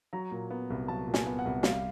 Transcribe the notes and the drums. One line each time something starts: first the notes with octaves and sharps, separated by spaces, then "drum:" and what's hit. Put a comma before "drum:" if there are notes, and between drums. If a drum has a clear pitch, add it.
F#3 A#5
A#2
B3
C2
F#3 A5
A#2
G#5, drum: snare
B3
F#5
C2
G3 F5, drum: snare